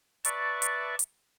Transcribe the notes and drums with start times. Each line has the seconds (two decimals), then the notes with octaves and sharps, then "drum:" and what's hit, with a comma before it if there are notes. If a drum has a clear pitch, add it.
0.25 B4 D5 E5 A5 C#6, drum: hi-hat
0.62 drum: hi-hat
0.99 drum: hi-hat